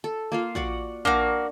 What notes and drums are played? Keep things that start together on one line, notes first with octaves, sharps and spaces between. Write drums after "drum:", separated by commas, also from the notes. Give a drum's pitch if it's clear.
A4
A#3 F4 F5
F#4 D5 F#5, drum: kick
A#3 D4 F#4, drum: kick